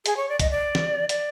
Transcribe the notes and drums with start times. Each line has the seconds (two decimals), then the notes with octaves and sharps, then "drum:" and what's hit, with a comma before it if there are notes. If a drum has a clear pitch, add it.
0.06 G#4, drum: hi-hat
0.17 C#5
0.29 D5
0.39 D#5, drum: kick, hi-hat
0.51 D5
0.75 drum: snare
1.09 D5, drum: hi-hat